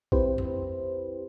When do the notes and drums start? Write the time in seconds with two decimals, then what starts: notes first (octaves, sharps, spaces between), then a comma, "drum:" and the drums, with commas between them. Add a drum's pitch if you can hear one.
0.12 C4 E4 G4 B4 C5, drum: kick A#1
0.38 drum: tom F2